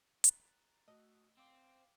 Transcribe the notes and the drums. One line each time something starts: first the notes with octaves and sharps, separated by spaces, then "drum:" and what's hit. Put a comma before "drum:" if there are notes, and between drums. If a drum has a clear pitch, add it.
A#5 F#6 A6, drum: hi-hat
A3 F#4 D#5 D#6
C4 F5 G5 D6